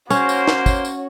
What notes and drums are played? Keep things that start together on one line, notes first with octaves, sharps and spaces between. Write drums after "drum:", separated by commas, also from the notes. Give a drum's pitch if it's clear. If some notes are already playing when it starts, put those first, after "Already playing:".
A#3 C#4 F#4 C5 C#5, drum: tambourine
drum: tambourine
drum: snare
drum: kick, tambourine
drum: tambourine